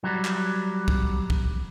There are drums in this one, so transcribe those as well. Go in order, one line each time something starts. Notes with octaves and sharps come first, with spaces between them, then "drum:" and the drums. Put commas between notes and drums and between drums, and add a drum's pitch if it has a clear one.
F#3 G3
drum: clap
drum: kick
drum: kick